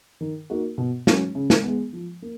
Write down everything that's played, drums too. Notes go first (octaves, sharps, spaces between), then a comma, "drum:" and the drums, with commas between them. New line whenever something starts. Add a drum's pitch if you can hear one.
D#3
A#3 D#4 F#4
B2
F#3 C#4, drum: snare
C#3
drum: snare
G#3 B3
F3
A#3